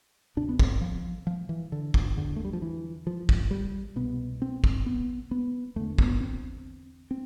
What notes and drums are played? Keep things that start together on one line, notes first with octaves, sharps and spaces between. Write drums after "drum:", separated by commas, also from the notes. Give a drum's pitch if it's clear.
D2 C3 D4
B3
C4, drum: kick
F3
F3
E3
D3
drum: kick
E2 D3
A3
G3
F3
E3
F3
drum: kick
G3
C2 B2 B3
C4
drum: kick
B3
B3
E2 D3 A3
B3, drum: kick
C4
C4